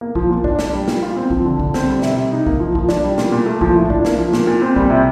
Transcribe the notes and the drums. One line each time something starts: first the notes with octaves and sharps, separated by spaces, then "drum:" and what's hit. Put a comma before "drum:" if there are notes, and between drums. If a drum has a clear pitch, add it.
A#3
F3, drum: kick B1
A#2
D4, drum: kick B1
D4, drum: snare
G3
A#2, drum: snare
F4
C4
F3, drum: kick B1
D3
D3, drum: kick B1
C4, drum: snare
G3
C3, drum: snare
C3
D#4
A#3, drum: kick B1
F3
F3, drum: kick B1
D4, drum: snare
G3
A#2, drum: snare
A#2
A3
F3, drum: kick B1
A2
D4, drum: kick B1
A#3, drum: snare
F3
A#2, drum: snare
A#2
C4
G3, drum: kick B1
C3